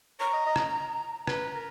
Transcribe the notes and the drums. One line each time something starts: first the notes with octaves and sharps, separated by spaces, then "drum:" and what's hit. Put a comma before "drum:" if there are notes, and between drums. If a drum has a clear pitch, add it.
C#5 A#5
D#5
D#5
drum: rim click
B4 A#5, drum: rim click
A#4